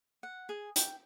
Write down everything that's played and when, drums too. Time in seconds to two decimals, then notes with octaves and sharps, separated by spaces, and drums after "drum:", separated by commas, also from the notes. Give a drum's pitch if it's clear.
0.23 F#5
0.49 G#4
0.76 G5, drum: hi-hat